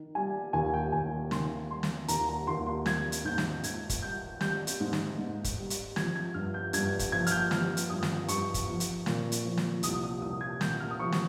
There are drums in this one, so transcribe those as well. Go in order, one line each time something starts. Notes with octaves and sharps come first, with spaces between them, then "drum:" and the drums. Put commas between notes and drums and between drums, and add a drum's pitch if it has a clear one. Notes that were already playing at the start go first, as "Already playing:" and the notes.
Already playing: D#3
G3 G#5
D#2 G#5
G5
D#2 G#5
D#3 C6, drum: snare
G3 C6
drum: snare
D#2 A#5, drum: hi-hat
A#5
D#2 C6
C6
G3 G#6, drum: snare
drum: hi-hat
G#2 G6
drum: snare
G#2 G#6, drum: hi-hat
drum: kick, hi-hat
G3 G6
G3 G6, drum: snare
drum: hi-hat
G#2
drum: snare
G#2
drum: kick, hi-hat
G3
drum: hi-hat
F3 G#6, drum: snare
G#6
G2 F6
G6
G2 G#6, drum: hi-hat
drum: kick, hi-hat
F3 G#6
F6, drum: hi-hat
G6
F3 F6, drum: snare
drum: hi-hat
G2 D#6
drum: snare
G2 C#6, drum: hi-hat
drum: kick, hi-hat
F3
drum: hi-hat
A#2, drum: snare
drum: hi-hat
F3
drum: snare
C2 D#6, drum: hi-hat
D#6
C2 D#6
G#6
A#2 G6, drum: snare
F6
D#6
F3 C#6
drum: snare